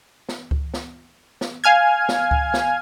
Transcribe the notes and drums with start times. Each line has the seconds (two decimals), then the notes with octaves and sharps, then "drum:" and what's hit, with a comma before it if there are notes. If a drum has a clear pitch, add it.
0.29 drum: snare
0.51 drum: kick C#2
0.74 drum: snare
1.41 drum: snare
1.64 F5 G#5 F6 G#6
2.09 drum: snare
2.31 drum: kick C#2
2.54 drum: snare